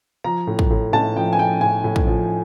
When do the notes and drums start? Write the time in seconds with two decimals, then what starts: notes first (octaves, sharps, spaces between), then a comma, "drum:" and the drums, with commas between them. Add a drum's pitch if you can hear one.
0.24 F3 A#5
0.47 A2
0.59 drum: kick
0.71 A2
0.93 A2 A5
1.16 F3 G5
1.33 G#5
1.38 F3 G5
1.61 A2 G#5
1.84 A2
1.96 drum: kick
2.07 F3